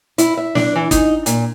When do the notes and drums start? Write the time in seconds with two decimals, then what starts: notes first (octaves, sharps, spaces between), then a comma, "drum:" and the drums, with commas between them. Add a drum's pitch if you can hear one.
0.18 E4, drum: hi-hat
0.37 E5
0.55 D4, drum: snare
0.76 E3
0.91 D#4, drum: kick G1, hi-hat
1.26 A#2, drum: hi-hat